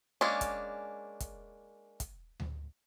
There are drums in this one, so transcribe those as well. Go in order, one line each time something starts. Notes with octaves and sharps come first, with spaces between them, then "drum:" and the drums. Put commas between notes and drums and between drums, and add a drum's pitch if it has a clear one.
G#3 A#3 C#4 D4
drum: kick, hi-hat
drum: kick, hi-hat
drum: kick, hi-hat
drum: tom D2